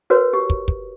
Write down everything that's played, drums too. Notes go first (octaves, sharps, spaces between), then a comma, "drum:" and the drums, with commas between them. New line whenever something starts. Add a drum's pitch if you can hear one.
F#4 A#4 B4 C#5
G4
drum: kick
drum: kick